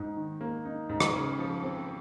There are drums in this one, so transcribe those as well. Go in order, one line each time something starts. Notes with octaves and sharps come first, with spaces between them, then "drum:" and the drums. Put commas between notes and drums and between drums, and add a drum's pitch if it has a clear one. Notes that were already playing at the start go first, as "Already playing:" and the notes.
Already playing: G#2 D#4
D#3
A#3
D#4
G#2
drum: rim click
C#3
F3
C4